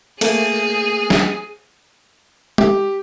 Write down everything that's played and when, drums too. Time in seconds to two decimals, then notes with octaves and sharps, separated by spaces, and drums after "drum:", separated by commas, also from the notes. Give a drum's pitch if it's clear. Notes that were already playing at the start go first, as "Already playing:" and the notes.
0.21 A3 A#3 G#4, drum: cymbal
1.10 drum: snare
2.58 G4, drum: tom G#3